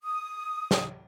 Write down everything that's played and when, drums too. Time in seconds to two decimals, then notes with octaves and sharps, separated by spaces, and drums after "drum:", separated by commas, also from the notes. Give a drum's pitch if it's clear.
0.04 D#6
0.71 drum: snare